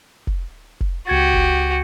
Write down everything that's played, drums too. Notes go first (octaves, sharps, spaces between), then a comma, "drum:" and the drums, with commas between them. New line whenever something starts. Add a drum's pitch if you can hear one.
drum: kick F1
drum: kick F1
C#2 F#4 G4 G#6 A6
drum: kick F1